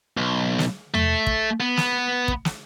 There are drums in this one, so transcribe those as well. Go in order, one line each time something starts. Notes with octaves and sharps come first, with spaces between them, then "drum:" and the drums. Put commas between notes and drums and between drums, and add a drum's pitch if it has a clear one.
B1
drum: snare
A3, drum: tom E2
drum: kick
B3
drum: snare
drum: kick
drum: snare